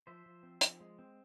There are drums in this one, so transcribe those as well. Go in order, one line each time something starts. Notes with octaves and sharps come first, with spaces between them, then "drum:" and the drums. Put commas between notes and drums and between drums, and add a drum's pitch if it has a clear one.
F3 C5 E5
F3
C4
F3, drum: hi-hat
G#3
C4